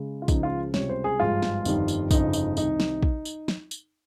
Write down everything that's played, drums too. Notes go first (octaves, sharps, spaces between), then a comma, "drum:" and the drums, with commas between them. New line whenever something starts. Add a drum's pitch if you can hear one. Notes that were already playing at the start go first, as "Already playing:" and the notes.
Already playing: C#3 G#3
F4
C#2 C#3 F3 D#4, drum: kick, tambourine
F4
C#2 C3 G3 C#5, drum: snare
C5
G#4
G#1 G2 F3 G#3 F4
drum: snare
G1 F2 D#3 G3, drum: tambourine
drum: tambourine
G1 F2 C#3 D#4, drum: kick, tambourine
D#4, drum: tambourine
C2 C3 D#3 D#4, drum: tambourine
drum: snare
drum: kick
drum: tambourine
drum: snare
drum: tambourine